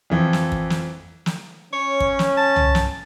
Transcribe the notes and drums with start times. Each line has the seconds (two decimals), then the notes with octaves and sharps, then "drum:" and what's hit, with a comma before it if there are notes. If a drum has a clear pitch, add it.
0.10 F2 E3 F3
0.33 drum: snare
0.52 drum: kick
0.70 drum: snare
1.26 drum: snare
1.73 C#4 C#5
2.00 drum: kick
2.19 drum: snare
2.38 A5
2.56 drum: tom C2
2.75 drum: snare